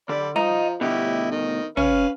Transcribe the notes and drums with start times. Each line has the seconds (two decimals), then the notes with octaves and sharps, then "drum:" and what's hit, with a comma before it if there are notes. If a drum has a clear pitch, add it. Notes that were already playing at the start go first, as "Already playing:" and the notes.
0.09 D3 D5 B5
0.36 F3 F4 D#5 A#5, drum: tom G3
0.81 D2 B2 E4 G4 D#5
1.31 D#3 D#5
1.77 C#4 B4 F5 F6, drum: tom